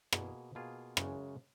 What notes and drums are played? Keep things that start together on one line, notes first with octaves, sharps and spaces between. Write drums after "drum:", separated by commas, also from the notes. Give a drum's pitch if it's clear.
B2 A#3 F4 G#4, drum: rim click
B2 A#3 F4 G#4
F#2 C#3 G#3, drum: rim click